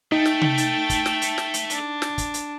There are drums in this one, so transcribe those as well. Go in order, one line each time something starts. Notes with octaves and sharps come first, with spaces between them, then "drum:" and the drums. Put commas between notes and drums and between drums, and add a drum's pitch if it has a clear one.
A3 D#4 G5 A5
drum: snare
drum: tom C3
drum: hi-hat
drum: kick, hi-hat
drum: snare
drum: hi-hat
drum: snare
drum: hi-hat
D4, drum: hi-hat
drum: snare
drum: kick, hi-hat
drum: hi-hat